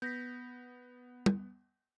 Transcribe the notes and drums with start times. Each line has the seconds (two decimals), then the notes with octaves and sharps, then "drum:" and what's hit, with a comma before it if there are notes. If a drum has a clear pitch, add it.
0.02 B3 G6 A#6 B6
1.26 drum: tom